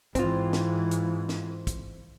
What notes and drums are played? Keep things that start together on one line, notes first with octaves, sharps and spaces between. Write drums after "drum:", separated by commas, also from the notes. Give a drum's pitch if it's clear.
G#2 E3 C4 F4, drum: kick, hi-hat
drum: snare
drum: hi-hat
drum: snare
drum: kick, hi-hat